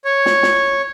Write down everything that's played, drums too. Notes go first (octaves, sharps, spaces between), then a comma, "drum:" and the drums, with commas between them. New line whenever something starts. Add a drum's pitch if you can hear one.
C#5
drum: snare
drum: snare